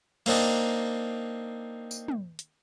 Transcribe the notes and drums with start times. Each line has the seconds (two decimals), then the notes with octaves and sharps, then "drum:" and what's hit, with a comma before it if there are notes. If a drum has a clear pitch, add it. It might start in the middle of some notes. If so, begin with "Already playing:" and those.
0.26 A#3 C4 D4 D#4, drum: cymbal
1.91 drum: tambourine
2.08 drum: tom
2.39 drum: hi-hat